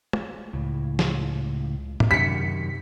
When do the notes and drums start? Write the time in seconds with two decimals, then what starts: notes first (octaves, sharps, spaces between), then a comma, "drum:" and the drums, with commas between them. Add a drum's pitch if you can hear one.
0.13 drum: tom
0.53 C#2 A2 C#3
0.99 drum: snare
2.00 drum: tom
2.11 F#2 C3 D#3 B6 C#7